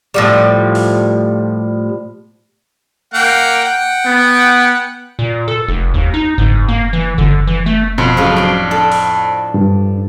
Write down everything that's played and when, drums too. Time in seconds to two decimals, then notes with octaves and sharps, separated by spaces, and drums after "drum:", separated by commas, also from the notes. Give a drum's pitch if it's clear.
0.14 A2 F3 G3
0.75 drum: open hi-hat
3.14 A#3 F#5 G5
3.64 F#5 G5
4.06 B3
5.19 A#2
5.48 A4
5.68 F1
5.94 D#2
6.14 D#4
6.38 G#2, drum: kick F#1
6.68 A#3
6.93 E3
7.18 D3, drum: kick F#1
7.47 E3
7.66 A3
7.98 F2 B2 C5
8.17 A2 C#3 F3 F#3 F5
8.36 D4 C6
8.71 D4 A4
8.92 drum: open hi-hat
9.54 G2